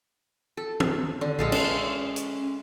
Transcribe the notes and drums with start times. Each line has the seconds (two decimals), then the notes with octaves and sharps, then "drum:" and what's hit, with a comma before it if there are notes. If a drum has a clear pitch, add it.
0.57 A4
0.80 drum: tom D#3
1.21 D3
1.39 A#1 G#3 A4 F5
1.52 C#4 F5, drum: cymbal
2.16 drum: hi-hat